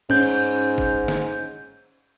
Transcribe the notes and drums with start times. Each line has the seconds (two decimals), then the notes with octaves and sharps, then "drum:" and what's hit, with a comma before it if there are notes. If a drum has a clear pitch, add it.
0.10 G#2 C#4 G6, drum: tom G#2
0.23 drum: cymbal
0.78 drum: kick G1
1.08 drum: snare